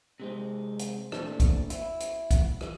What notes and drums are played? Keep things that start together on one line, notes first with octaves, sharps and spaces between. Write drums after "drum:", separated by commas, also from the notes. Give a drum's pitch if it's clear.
C3 G#3 C4
drum: hi-hat
A#2 A3 C4 D4, drum: rim click
drum: kick, hi-hat
E4, drum: hi-hat
drum: hi-hat
drum: kick, hi-hat
drum: rim click